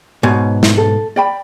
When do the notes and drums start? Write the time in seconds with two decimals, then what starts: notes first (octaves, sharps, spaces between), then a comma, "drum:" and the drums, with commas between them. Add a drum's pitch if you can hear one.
0.23 G#2 B2 C#5 G#5
0.63 drum: snare
0.77 A4
1.16 D5 G5 B5